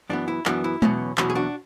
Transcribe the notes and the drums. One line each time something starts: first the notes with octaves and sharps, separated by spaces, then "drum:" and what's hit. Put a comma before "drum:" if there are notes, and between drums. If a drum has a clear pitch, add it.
F#2 E3 B3 D4
E4
F#2 E3 B3 D4, drum: clap
E4
E2 B2 F#3 C#4, drum: tom G#3
E2 B2 F#3 C#4 E4, drum: clap
G#4
D4 F#4